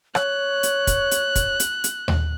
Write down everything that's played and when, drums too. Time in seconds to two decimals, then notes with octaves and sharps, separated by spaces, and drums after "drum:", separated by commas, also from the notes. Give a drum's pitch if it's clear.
0.15 C#5 F#6, drum: rim click
0.63 drum: hi-hat
0.87 drum: kick, hi-hat
1.11 drum: hi-hat
1.36 drum: kick, hi-hat
1.60 drum: hi-hat
1.84 drum: hi-hat
2.08 drum: tom D#2